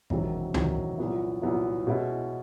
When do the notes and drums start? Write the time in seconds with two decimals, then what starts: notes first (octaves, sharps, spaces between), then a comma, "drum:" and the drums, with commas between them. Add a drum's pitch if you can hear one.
0.10 E1 E2 C3 D#3 F#3, drum: kick
0.54 E1 E2 C3 D#3 F#3, drum: tom C#2
0.98 C2 A#2 F#3 B3 E4
1.42 C2 A#2 F#3 B3 E4
1.87 B2 G#3 C#4 E4